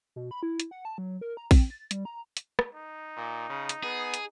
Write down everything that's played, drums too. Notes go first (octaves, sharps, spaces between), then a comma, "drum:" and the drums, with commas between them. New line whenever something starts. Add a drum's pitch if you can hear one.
B2
B5
E4
drum: hi-hat
F#5
A5
F#3
A#4
A#5
C4, drum: kick A#1, open hi-hat
A6
G3, drum: hi-hat
A#5
drum: hi-hat
drum: rim click
D#4
A#2
C#3
drum: hi-hat
B3 G#4
drum: hi-hat